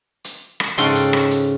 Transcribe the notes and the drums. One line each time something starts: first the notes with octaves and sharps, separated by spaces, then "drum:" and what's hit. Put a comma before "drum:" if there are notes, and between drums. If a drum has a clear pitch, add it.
drum: hi-hat
drum: rim click
G#2 C#3 F#4 A4 G5 C6, drum: hi-hat
drum: hi-hat
drum: rim click
drum: hi-hat